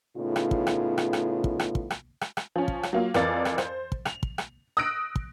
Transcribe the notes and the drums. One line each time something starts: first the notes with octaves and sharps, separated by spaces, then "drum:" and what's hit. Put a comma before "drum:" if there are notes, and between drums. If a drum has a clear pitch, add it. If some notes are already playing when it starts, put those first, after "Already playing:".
A2 C#3 B3 D#4 F4
drum: rim click
drum: kick
drum: rim click
drum: rim click
drum: rim click
drum: kick
drum: rim click
drum: kick
drum: rim click
drum: rim click
drum: rim click
F3 C#4
drum: kick
drum: rim click
F#3 A#3 F4
F2 E3 A#4 D5 F5 A6, drum: rim click
drum: rim click
C5, drum: rim click
drum: kick
F7, drum: rim click
drum: kick
drum: rim click
D#6 E6 F#6 A#6 D7
drum: kick